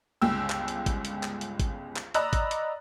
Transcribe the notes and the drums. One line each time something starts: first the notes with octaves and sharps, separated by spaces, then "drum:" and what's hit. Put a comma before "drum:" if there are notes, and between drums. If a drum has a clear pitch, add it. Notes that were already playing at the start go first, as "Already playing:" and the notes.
G1 C#2 G5 E6
drum: clap
drum: hi-hat
drum: kick G#1, hi-hat
drum: hi-hat
drum: clap
drum: hi-hat
drum: kick G#1, hi-hat
drum: clap
D5 D#5 A#5 B5 E6 F#6, drum: hi-hat
drum: kick G#1, hi-hat
drum: hi-hat